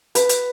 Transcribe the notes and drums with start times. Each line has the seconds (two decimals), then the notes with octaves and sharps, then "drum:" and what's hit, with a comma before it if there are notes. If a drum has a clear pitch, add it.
0.15 B4, drum: hi-hat
0.29 drum: hi-hat